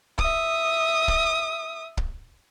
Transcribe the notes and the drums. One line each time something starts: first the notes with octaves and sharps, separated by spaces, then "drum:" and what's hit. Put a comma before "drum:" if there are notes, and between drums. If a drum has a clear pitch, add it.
E5 D#6, drum: kick
drum: kick
drum: kick